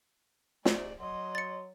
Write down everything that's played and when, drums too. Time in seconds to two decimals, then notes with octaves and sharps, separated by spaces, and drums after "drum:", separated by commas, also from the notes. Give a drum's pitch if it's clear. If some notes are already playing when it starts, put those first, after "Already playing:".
0.65 G#2 C3 A3 D5, drum: snare
1.00 F#3 D#5 C6
1.35 A6 C#7